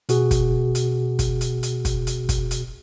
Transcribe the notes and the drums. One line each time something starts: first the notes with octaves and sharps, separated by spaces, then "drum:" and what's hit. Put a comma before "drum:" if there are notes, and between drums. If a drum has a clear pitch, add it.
B2 F#4 G#4, drum: hi-hat
drum: kick, hi-hat
drum: hi-hat
drum: kick, hi-hat
drum: hi-hat
drum: hi-hat
drum: kick, hi-hat
drum: hi-hat
drum: kick, hi-hat
drum: hi-hat